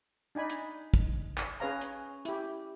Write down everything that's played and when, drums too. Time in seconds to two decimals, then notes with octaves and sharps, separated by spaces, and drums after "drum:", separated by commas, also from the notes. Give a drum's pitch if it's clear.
0.35 D4 D#4 G#5 B5
0.50 drum: hi-hat
0.94 drum: kick, hi-hat
1.37 drum: clap
1.60 C#4 G#4 B4 C#5 F5 A#5
1.81 drum: hi-hat
2.25 E4 G4, drum: hi-hat